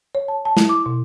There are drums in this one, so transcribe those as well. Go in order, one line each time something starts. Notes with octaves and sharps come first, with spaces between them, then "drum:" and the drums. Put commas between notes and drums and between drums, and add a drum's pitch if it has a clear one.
C#5
A5
A5
E4, drum: snare
D6
B2